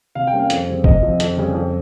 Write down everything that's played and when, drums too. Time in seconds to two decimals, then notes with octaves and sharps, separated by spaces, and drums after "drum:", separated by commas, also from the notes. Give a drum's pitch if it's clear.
0.15 C3 F5
0.27 G5
0.33 G3 A#3 C#4
0.39 F5
0.50 F2, drum: hi-hat
0.67 C#3 G3 C4
0.84 C3 D#5, drum: kick G#1
1.03 F3 C4
1.20 F2, drum: hi-hat
1.37 C#3 G3 C#4
1.54 F2